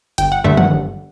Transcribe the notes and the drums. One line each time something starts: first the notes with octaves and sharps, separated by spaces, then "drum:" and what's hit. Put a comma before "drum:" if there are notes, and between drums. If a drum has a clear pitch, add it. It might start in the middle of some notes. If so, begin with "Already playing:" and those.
G1 G5, drum: hi-hat
F#5
G2 D3 A3 D4 E5
F#5, drum: tom
G1